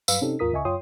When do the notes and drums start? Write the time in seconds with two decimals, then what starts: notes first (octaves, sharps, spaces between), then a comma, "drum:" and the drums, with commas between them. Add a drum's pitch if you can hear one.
0.08 G2 F#3 B4 F5 E6, drum: tambourine
0.21 C3 C4 C#4 D#4 G4 A4
0.39 D#2 G#2 F4 A#4 D#6 B6
0.53 C#2 C#3 D#5 E5 G#5 C#6
0.65 F#2 F4 C#5 G5 C6 D#6